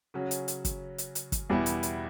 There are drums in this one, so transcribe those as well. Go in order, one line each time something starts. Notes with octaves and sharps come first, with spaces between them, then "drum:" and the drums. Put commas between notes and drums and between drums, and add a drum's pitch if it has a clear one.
C#3 F#3 C#4 F#4
drum: hi-hat
drum: hi-hat
drum: kick, hi-hat
drum: hi-hat
drum: hi-hat
drum: kick, hi-hat
E2 B2 G3 B3 E4
drum: hi-hat
drum: hi-hat